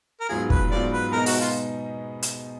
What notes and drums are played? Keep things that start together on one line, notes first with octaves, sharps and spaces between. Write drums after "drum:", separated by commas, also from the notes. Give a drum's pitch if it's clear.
A#4
G#2 F#3 B3 F4 G#4
B4, drum: kick
G#2 F#3 B3 F4 D5
B4
B2 G#3 B3 D#4 A#4
F#4, drum: open hi-hat
F4
drum: hi-hat